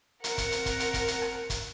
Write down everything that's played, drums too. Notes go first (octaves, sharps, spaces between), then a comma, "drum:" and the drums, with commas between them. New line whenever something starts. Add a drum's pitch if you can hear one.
C4 A#4 F#5, drum: hi-hat
drum: kick, hi-hat
drum: hi-hat
drum: kick, hi-hat
drum: hi-hat
drum: kick, hi-hat
drum: hi-hat
drum: rim click
drum: kick, hi-hat